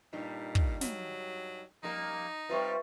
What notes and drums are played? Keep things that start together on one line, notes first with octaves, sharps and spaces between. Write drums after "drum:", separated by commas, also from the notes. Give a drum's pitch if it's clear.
G2 A#2 G3 D#4
drum: kick
F#3, drum: snare
F2 G3 A#3 D#4
G3 C4 F4 B4 E5 C#6